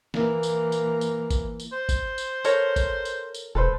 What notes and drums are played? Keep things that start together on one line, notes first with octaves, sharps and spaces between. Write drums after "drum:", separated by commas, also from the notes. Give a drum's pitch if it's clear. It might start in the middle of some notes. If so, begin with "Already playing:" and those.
E3 A#3, drum: snare
drum: tambourine
drum: tambourine
drum: tambourine
drum: kick G#1, tambourine
drum: tambourine
C5
drum: kick G#1, tambourine
drum: tambourine
A4 A#4 C#5, drum: tambourine
drum: kick G#1, tambourine
drum: tambourine
drum: tambourine
E1 A4 B4 C5